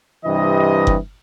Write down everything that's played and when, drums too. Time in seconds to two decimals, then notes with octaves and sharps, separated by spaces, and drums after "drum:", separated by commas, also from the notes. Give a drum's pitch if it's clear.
0.24 G2 C3 E3 D#5
0.87 drum: kick F#1